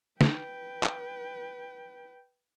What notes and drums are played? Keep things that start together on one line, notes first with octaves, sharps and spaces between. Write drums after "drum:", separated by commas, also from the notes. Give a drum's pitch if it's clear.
B4 G5, drum: snare
drum: clap